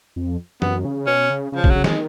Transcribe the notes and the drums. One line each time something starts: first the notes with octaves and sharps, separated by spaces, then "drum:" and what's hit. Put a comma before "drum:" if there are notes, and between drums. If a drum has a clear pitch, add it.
F2
F#2 B3, drum: tom E3
C#3
B2 C#4
C#3
C#3
F3
C#3, drum: kick
F#3
C#3
D#3 G#3, drum: snare